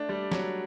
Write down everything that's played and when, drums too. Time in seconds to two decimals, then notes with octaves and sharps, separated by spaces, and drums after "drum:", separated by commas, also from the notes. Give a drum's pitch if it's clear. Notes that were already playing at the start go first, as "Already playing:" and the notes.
Already playing: A3 D4
0.09 G3
0.32 F#3, drum: snare